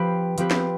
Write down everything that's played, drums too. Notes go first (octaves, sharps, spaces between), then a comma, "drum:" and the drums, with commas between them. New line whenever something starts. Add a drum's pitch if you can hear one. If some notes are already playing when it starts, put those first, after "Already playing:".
Already playing: F3 C4 G4 B4
F3 C4 G4 B4, drum: hi-hat
drum: snare